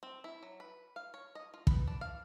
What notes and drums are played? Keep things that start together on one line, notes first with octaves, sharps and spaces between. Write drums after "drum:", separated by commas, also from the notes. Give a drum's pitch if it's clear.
C4
E4
F#3
B4
F5
C#5
D#5
F4
B4, drum: kick
D4
F5